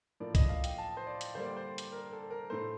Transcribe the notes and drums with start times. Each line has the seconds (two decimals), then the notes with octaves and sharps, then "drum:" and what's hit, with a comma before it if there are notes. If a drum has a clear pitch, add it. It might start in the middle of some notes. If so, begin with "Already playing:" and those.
0.20 A2 F3 A#3 D5
0.35 D#5, drum: kick C2, hi-hat
0.49 F5
0.64 G5, drum: hi-hat
0.78 A5
0.97 C5
1.07 D5
1.21 drum: hi-hat
1.35 D3 G3 A#3 C5
1.46 D5
1.57 C5
1.78 drum: hi-hat
1.92 A#4
2.12 A4
2.30 A#4
2.50 A2 A3 C5